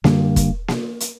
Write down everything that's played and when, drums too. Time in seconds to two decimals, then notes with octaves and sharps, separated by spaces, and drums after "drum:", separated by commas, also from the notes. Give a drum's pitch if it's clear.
0.04 F#2 D3 G3 A#3, drum: snare A#3
0.36 drum: kick, hi-hat
0.68 drum: snare A#3
1.00 drum: hi-hat